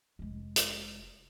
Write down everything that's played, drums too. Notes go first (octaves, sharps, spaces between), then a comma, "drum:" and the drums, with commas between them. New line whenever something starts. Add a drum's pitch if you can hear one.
F1 G#3
drum: hi-hat